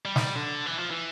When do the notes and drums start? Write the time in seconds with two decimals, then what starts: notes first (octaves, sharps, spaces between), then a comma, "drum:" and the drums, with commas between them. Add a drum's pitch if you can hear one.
0.05 G3
0.16 drum: snare
0.36 D3
0.66 E3
0.78 F3
0.91 E3